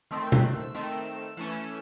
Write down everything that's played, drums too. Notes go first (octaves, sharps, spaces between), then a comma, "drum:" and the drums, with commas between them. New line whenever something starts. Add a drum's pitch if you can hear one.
D#3 A3 C4 E6
F#6, drum: tom
E6
D#3 A3 C4
E3 A3 C#4